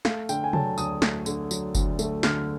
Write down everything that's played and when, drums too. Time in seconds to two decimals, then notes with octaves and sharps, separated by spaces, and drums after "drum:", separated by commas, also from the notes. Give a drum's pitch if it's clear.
0.05 A3 F5, drum: snare
0.29 D3 G5, drum: tambourine
0.44 G#5
0.53 F#3 A5, drum: tom C3
0.78 D2 D#6, drum: tambourine
1.02 A3, drum: snare
1.26 D3, drum: tambourine
1.51 F#3, drum: tambourine
1.75 D2, drum: kick F#1, tambourine
1.99 A3, drum: tambourine
2.23 D3 F6, drum: snare